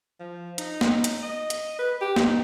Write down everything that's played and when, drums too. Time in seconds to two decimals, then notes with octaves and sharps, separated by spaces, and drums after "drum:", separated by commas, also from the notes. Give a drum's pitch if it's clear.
0.20 F3
0.58 D#4, drum: hi-hat
0.81 drum: snare
1.04 drum: hi-hat
1.22 D#5
1.50 drum: hi-hat
1.79 B4
2.01 G4
2.16 D#4, drum: snare